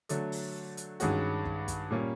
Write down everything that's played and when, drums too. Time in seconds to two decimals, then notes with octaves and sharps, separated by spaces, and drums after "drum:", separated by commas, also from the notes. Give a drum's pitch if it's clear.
0.09 D3 F#3 A3, drum: hi-hat
0.32 drum: open hi-hat
0.77 drum: hi-hat
1.00 G2 D#3 G#3 C#4 F#4, drum: hi-hat
1.45 drum: kick
1.68 drum: kick, hi-hat
1.90 A#2 G3 A#3 C#4